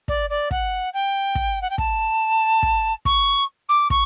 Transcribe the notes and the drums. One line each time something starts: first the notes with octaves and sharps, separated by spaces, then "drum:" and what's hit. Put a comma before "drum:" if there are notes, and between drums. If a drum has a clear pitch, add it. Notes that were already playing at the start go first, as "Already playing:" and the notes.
D5, drum: kick
D5
F#5, drum: kick
G5
drum: kick
F#5
G5
A5, drum: kick
drum: kick
C#6, drum: kick
D6
C#6, drum: kick